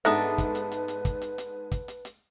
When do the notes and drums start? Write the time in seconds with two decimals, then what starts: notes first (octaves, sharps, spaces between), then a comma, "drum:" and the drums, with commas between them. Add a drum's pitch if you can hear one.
0.05 G#2 B3 D4 A4 B4 E5 A#5 D#6, drum: hi-hat
0.38 drum: kick, hi-hat
0.55 drum: hi-hat
0.72 drum: hi-hat
0.88 drum: hi-hat
1.05 drum: kick, hi-hat
1.22 drum: hi-hat
1.38 drum: hi-hat
1.72 drum: kick, hi-hat
1.88 drum: hi-hat
2.05 drum: hi-hat